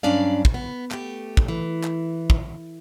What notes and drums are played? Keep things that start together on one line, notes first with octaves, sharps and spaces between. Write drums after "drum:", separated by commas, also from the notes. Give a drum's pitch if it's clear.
G2 F#3 C#4 D4 D5 F5
drum: kick
B3
A3 G4, drum: clap
drum: kick
E3
drum: clap
drum: kick